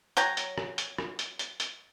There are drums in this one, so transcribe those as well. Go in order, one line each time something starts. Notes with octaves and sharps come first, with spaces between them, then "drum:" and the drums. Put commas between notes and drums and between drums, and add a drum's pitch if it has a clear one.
F#3 C#5 G5 A#5, drum: hi-hat
drum: hi-hat
drum: rim click
drum: hi-hat
drum: rim click
drum: hi-hat
drum: hi-hat
drum: hi-hat